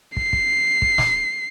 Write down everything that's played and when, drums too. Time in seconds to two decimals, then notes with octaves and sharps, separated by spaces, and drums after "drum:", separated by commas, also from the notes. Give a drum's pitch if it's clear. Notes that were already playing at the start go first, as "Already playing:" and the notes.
0.17 C7, drum: kick
0.33 drum: kick
0.82 drum: kick
0.98 drum: snare